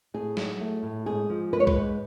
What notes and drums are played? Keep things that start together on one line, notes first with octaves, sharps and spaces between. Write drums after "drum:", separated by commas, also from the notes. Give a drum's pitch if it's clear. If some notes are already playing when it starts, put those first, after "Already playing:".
A2 G#4
F#3, drum: snare
A3
A2
G#2 G#4
F3
G#3 B4
C#5
B4, drum: kick C2
G#2